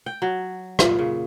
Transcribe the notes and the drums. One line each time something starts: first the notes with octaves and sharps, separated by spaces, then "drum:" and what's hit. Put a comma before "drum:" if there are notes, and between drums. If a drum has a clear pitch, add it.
G5
F#3
A#2, drum: rim click
C#3